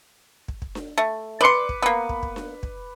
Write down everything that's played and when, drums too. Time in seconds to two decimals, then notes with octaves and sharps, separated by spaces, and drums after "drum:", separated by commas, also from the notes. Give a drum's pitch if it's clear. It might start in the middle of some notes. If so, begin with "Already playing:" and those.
0.48 drum: kick
0.62 drum: kick
0.75 drum: snare D4
0.98 A3
1.41 B4 D5 C6 D6 C#7
1.69 drum: kick
1.82 A#3 B3
2.09 drum: kick
2.23 drum: kick
2.36 drum: snare D4
2.63 drum: kick